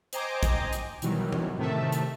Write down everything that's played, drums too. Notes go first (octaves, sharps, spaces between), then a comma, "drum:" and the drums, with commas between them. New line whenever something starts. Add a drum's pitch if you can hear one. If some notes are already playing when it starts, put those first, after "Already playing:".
C5 D#5 G5 G#5 A#5 D6, drum: hi-hat
drum: kick, hi-hat
drum: hi-hat
B2 D#3 E3 F#3 G3, drum: hi-hat
drum: tom E3
A2 C3 D#3 A3 E5 A5
drum: hi-hat